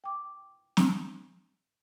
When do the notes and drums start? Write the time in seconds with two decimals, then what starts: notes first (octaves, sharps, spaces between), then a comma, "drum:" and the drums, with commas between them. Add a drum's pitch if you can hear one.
0.04 G5 D6
0.77 drum: snare